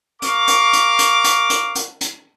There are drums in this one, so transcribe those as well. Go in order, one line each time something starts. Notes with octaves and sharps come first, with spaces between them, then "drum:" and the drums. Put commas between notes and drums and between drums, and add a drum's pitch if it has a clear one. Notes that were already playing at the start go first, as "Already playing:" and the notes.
A#4 F5 C#6 D6, drum: hi-hat
drum: hi-hat
drum: hi-hat
drum: hi-hat
drum: hi-hat
drum: hi-hat
drum: hi-hat
drum: hi-hat